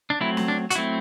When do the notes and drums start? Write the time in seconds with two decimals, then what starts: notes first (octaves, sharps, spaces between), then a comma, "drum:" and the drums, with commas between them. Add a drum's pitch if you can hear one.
0.10 D4
0.21 F#3 A3 C4 E4
0.37 drum: snare
0.48 D4
0.70 F#4, drum: hi-hat
0.75 F#3 A3 C4 E4